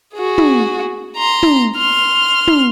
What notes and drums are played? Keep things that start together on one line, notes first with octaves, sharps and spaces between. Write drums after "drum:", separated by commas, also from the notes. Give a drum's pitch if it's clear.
F#4 G#4
drum: tom
A#5 C6
drum: tom
C6 F6
drum: tom